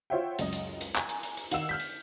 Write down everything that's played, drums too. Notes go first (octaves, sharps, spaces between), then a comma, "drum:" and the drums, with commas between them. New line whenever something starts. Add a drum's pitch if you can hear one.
F4 C5 C#5 E5 F#5 G5
C#2 F#2 D#5, drum: hi-hat
drum: hi-hat
drum: hi-hat
G#5 A#5, drum: clap
drum: hi-hat
drum: hi-hat
drum: hi-hat
D#3 F5 F#5 E6 E7, drum: hi-hat
F6 G6 B6
drum: hi-hat